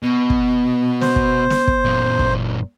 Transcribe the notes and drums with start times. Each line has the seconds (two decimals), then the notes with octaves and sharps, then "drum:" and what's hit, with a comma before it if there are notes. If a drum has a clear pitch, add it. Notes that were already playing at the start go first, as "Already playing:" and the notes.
0.03 B2 B3
0.30 drum: kick
1.01 C5, drum: snare
1.16 drum: kick
1.50 drum: snare
1.68 drum: kick
1.85 F#2 A#2
2.19 drum: kick